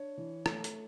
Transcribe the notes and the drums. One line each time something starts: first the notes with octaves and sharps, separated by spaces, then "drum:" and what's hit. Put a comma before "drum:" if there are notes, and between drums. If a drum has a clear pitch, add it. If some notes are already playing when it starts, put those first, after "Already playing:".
Already playing: D4 C#5
E3
A3, drum: rim click
drum: hi-hat